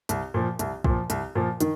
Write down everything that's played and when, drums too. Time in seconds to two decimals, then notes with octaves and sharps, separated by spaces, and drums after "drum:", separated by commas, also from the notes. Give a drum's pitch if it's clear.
0.09 C2, drum: hi-hat
0.34 A#2 F3
0.59 C2, drum: hi-hat
0.84 A#2 F3, drum: kick
1.10 C2, drum: hi-hat
1.35 A#2 F3
1.60 D#3, drum: hi-hat